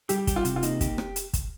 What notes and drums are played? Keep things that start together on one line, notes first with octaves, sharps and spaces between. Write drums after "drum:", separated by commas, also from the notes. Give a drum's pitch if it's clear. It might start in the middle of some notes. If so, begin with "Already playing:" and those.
G3 G4, drum: hi-hat
G4, drum: kick, hi-hat
F4
C3, drum: hi-hat
F4
A#3 D#4, drum: hi-hat
G4, drum: kick, hi-hat
drum: rim click
drum: hi-hat
drum: kick, hi-hat